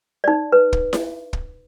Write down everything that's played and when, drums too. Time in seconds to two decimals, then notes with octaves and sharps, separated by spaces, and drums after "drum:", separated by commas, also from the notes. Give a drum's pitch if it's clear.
0.24 D#4 D5
0.52 B4
0.73 drum: kick
0.93 drum: snare E4
1.33 drum: kick